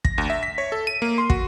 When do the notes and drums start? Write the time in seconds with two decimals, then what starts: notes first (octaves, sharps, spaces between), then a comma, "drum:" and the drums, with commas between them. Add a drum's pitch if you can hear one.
0.05 A#6, drum: kick
0.18 D2
0.30 E5
0.43 B6
0.58 C#5
0.72 A4
0.87 D#7
1.02 A#3
1.18 C6
1.30 F#4, drum: kick